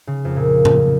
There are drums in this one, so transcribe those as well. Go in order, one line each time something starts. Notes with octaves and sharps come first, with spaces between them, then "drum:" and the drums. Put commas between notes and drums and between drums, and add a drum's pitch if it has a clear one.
C#3
F2
A#2
drum: tom A2